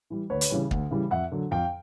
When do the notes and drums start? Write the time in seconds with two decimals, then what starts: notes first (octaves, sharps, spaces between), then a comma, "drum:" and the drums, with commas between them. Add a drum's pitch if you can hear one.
0.10 E3 G3
0.30 D2 B4 C#5
0.41 drum: hi-hat
0.50 C#3 E3 G3
0.71 D2, drum: kick
0.91 C#3 E3 G3
1.11 F2 E5 F#5
1.31 D3 F#3
1.51 F2 F5 G5